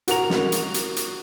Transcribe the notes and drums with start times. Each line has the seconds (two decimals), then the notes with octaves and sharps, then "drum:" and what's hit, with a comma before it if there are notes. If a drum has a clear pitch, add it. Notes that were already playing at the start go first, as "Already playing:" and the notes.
0.08 F#4 A#4 F7, drum: hi-hat
0.30 drum: snare
0.52 drum: hi-hat
0.74 drum: hi-hat
0.96 drum: hi-hat